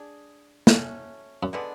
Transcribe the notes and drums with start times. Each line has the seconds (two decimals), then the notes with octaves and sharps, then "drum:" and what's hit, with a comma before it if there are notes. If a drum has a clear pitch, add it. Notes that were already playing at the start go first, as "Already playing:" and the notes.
Already playing: G#3 D4 G#4
0.67 F#3 A3 C#4, drum: snare
1.43 F#2
1.53 D3 G#3 B3 D4